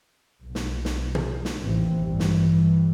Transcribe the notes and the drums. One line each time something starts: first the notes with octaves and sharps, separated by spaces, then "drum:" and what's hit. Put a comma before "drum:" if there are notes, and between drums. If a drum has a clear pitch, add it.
B1
drum: snare
drum: snare
drum: tom
drum: snare
A1 D#2 C3 E3 C4
G2 E3 G3
drum: snare